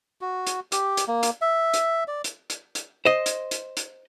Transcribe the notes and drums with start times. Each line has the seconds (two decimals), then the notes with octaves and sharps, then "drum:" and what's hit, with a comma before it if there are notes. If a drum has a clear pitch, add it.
0.21 F#4
0.47 drum: hi-hat
0.72 G4, drum: hi-hat
0.97 drum: hi-hat
1.08 A#3
1.23 drum: hi-hat
1.42 E5
1.74 drum: hi-hat
2.08 D5
2.24 drum: hi-hat
2.50 drum: hi-hat
2.75 drum: hi-hat
3.05 C5 D#5
3.26 drum: hi-hat
3.51 drum: hi-hat
3.77 drum: hi-hat